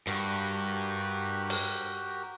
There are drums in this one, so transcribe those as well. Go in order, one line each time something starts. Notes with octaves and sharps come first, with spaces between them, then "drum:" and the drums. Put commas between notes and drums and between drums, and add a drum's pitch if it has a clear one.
G2 F#4 G4 A#4, drum: hi-hat
drum: open hi-hat